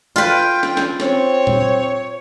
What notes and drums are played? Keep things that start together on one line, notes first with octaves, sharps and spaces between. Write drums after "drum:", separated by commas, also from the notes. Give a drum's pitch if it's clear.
F4 B4 G5
drum: snare
drum: snare
C4 C#5, drum: snare
drum: tom A#2